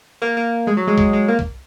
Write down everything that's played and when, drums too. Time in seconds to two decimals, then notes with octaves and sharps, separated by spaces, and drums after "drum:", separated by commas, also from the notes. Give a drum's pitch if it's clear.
0.22 A#3
0.37 A#3
0.67 G#3
0.77 F#3
0.87 G#3
0.98 G#3, drum: kick
1.13 G#3
1.28 A#3
1.39 drum: kick